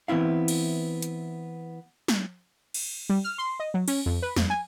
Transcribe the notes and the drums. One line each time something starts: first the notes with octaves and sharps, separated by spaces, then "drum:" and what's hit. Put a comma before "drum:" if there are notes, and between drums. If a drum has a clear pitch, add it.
E3 B3 C4 E4 F5
drum: cymbal
drum: hi-hat
drum: snare
drum: cymbal
G3
F6
C6
D#5
F#3
C#4, drum: cymbal
F2
B4
F2, drum: snare
G#5